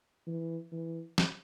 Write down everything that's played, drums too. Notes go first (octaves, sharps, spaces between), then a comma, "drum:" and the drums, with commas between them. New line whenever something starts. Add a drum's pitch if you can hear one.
E3
E3
drum: snare